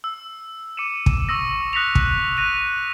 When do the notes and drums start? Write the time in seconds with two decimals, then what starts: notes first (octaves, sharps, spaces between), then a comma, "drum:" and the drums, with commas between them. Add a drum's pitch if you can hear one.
0.04 E6
0.77 D6 C#7 D#7 E7
1.06 drum: kick
1.29 C#6 D#6 E6 A#6
1.73 D#6 F#6 A#6 B6 C#7 F7
1.95 drum: kick
2.37 F#6 A#6 D#7 F7